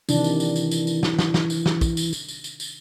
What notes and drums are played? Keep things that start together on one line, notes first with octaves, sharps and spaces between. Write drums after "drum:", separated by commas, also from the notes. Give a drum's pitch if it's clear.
C3 D#3 E3 D4, drum: tambourine
drum: tambourine
drum: tambourine
drum: tambourine
drum: tambourine
drum: tambourine
drum: snare
drum: snare
drum: snare
drum: tambourine
drum: snare
drum: kick, tambourine
drum: tambourine
drum: tambourine
drum: tambourine
drum: tambourine
drum: tambourine